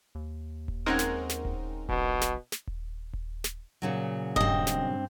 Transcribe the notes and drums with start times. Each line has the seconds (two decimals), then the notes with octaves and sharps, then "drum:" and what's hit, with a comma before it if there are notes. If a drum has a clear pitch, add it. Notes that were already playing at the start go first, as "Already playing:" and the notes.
0.15 D#2
0.68 drum: kick D#1
0.86 G#3 C4 C#4 D#4 A#4 F#5
0.99 drum: snare
1.29 drum: snare
1.45 drum: kick D#1
1.89 A#1 B2, drum: kick D#1
2.21 drum: snare
2.52 drum: snare
2.67 drum: kick D#1
3.13 drum: kick D#1
3.44 drum: snare
3.82 A#2 C#3 F#3
4.36 G2 C4 D#5, drum: kick D#1
4.67 drum: snare